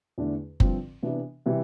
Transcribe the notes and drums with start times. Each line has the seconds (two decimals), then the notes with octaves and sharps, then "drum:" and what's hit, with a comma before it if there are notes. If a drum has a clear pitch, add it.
0.18 E2 D3 A3 D4
0.60 G2 D3 F3 C4, drum: kick F#1
1.03 C3 E3 B3 D4
1.46 C3 E3 G3